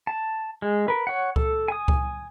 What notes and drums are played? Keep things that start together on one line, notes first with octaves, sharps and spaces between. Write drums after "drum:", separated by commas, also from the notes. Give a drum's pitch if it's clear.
A5
G#3
A#4 B4
C#5 F#5
A4, drum: kick C#2
G#5 D#6
drum: kick C#2